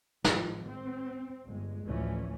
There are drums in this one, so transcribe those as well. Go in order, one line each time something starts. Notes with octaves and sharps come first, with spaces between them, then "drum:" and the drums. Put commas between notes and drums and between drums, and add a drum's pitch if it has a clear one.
G#1 A2 F3, drum: snare
C4
G1 G#3
A1 D2 E3 F3 A3 C#4